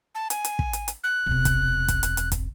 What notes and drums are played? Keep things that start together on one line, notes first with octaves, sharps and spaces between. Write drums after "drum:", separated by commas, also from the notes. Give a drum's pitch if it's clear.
A5
G#5, drum: hi-hat
drum: hi-hat
drum: kick
drum: hi-hat
drum: hi-hat
F#6
E1 C3
drum: kick, hi-hat
drum: kick, hi-hat
drum: hi-hat
drum: hi-hat
drum: kick, hi-hat